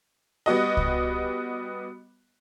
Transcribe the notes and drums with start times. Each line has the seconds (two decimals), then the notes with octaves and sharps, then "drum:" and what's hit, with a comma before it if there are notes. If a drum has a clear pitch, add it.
0.46 G3 B3 F#4 D#5
0.77 drum: kick C2